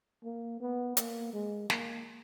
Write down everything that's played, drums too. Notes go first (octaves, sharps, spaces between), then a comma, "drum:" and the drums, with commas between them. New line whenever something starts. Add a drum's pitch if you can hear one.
A#3
B3
A#3, drum: hi-hat
G#3
A#3, drum: snare